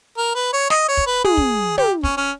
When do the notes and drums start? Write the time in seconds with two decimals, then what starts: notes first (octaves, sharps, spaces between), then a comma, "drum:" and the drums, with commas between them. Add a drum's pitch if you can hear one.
0.17 A#4
0.35 B4
0.53 C#5
0.70 D#5, drum: snare
0.88 C#5
0.97 drum: kick
1.07 B4
1.24 G#4, drum: tom
1.37 drum: kick
1.78 G4, drum: tom
2.03 C#4, drum: kick
2.17 C#4